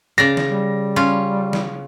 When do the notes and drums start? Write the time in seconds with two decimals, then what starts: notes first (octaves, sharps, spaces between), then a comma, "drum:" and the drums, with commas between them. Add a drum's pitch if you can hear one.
0.18 C#3 D5 A#6
0.37 drum: snare
0.50 G3
0.96 C#4 F4
1.53 drum: snare